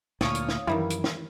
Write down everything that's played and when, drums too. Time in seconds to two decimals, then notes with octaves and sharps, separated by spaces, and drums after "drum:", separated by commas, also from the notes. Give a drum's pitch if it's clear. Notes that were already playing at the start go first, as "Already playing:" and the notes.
0.21 D2 A#2 C#5 D5 F5 A5 D#6, drum: snare
0.35 drum: hi-hat
0.49 drum: snare
0.67 F#2 D#3 E3 G3 E4
0.90 drum: hi-hat
1.04 drum: snare